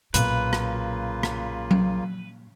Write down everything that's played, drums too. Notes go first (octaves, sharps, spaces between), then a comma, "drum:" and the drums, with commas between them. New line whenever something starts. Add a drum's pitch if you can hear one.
B1 A#2 C#3 F#3 A#3 F4 B4, drum: hi-hat
drum: rim click
drum: rim click
drum: tom F#3